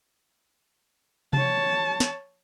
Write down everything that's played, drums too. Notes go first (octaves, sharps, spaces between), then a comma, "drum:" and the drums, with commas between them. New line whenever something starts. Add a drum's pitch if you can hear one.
C#5 A5, drum: tom C3
drum: snare